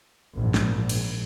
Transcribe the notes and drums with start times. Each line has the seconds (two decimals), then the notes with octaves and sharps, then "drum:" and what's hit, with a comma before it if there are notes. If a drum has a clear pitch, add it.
0.36 A#1 G#2
0.54 drum: snare
0.89 drum: cymbal